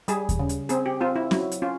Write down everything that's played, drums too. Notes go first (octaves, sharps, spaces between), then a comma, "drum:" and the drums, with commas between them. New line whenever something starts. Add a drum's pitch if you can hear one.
G3 G#4, drum: hi-hat
drum: kick D#2, hi-hat
C#3
drum: hi-hat
C4 G#4, drum: hi-hat
G4
C4 F4
E4
F#3 E4, drum: snare
drum: hi-hat
C#4 F4